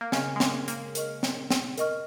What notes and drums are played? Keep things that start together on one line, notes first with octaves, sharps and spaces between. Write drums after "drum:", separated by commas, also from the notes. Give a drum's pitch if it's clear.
A#3
C#3 C#4 A#4 D#5 C#6 F6, drum: snare
G#3
A#3, drum: snare
A#3, drum: hi-hat
A#4 D#5 C#6 F6, drum: hi-hat
drum: snare
drum: snare
A#4 D#5 C#6 F6, drum: hi-hat